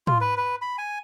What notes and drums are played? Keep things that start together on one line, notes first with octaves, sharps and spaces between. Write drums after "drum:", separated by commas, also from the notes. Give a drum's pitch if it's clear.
F4, drum: tom
B4
B4
B5
G#5